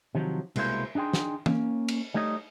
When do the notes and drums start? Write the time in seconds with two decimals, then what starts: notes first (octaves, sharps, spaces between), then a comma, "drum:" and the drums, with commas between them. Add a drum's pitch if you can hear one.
0.15 C3 D#3 F3 F#3
0.56 C2 B2 G#3 A#3 E4 C5, drum: cymbal
0.95 D4 D#4 G#4 G5 C6
1.13 drum: snare
1.46 A#3 C#4, drum: tom E3
1.88 drum: cymbal
2.14 G3 A3 D#4 C#5 D#5